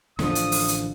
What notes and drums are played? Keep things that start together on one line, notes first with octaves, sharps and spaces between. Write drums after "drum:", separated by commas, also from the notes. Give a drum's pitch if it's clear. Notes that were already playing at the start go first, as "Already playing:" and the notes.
A1 D3 F3 D#6, drum: snare
drum: hi-hat
drum: open hi-hat
drum: hi-hat